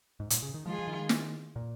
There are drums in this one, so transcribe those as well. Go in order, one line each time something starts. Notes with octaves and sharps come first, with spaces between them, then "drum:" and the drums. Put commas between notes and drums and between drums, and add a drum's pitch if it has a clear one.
G#2
A#2, drum: hi-hat
C#3
D#3
F3 G#3 F4 G#4
F3
D#3
drum: snare
A#2